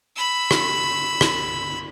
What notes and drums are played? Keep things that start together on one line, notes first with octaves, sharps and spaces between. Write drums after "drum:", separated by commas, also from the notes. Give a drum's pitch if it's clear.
B5 E6
drum: rim click
drum: rim click